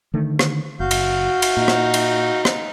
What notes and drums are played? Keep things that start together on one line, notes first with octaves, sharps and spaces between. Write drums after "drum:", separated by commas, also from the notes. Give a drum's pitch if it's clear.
D3 D#3 A3
drum: rim click
F#1 F#4 F5 G6
drum: cymbal
drum: cymbal
A#2 D#4
drum: rim click
drum: cymbal
drum: rim click